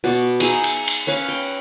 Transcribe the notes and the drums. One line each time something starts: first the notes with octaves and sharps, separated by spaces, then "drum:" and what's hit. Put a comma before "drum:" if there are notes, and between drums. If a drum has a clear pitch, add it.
B2 D5 C#6
D#4 G#4 E5 A#5, drum: cymbal
drum: cymbal
drum: cymbal
C#4 B4 F5
G5